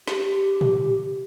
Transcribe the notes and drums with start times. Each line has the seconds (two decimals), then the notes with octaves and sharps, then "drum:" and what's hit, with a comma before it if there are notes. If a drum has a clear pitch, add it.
0.07 G4, drum: snare
0.61 drum: tom